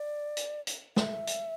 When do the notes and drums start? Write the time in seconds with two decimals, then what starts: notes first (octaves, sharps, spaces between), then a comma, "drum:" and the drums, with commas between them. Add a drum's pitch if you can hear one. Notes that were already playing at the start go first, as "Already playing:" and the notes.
Already playing: D5
0.37 drum: hi-hat
0.67 drum: hi-hat
0.96 E5, drum: snare
1.27 drum: hi-hat